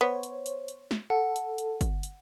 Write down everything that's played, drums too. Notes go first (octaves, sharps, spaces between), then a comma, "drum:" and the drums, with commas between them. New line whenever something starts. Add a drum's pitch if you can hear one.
B3 C5 C#5
drum: hi-hat
drum: hi-hat
drum: hi-hat
drum: snare
A4 F#5
drum: hi-hat
drum: hi-hat
drum: kick G1, hi-hat
drum: hi-hat